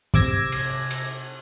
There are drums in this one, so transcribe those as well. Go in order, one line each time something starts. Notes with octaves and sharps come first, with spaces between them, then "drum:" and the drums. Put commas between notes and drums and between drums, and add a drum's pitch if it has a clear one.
C3 D6 E6 G#6 A#6, drum: kick
drum: cymbal
drum: cymbal